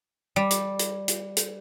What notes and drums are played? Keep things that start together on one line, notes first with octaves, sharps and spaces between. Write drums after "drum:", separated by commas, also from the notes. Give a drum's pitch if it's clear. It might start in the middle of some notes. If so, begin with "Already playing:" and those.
G3
drum: hi-hat
drum: hi-hat
drum: hi-hat
drum: hi-hat